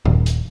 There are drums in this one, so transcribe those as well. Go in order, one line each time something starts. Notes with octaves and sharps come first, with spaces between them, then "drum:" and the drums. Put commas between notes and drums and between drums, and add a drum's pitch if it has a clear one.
D#1, drum: tom G2
drum: hi-hat